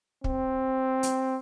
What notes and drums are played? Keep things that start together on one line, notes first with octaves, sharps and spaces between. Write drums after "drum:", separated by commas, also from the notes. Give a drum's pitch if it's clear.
C4, drum: kick
drum: hi-hat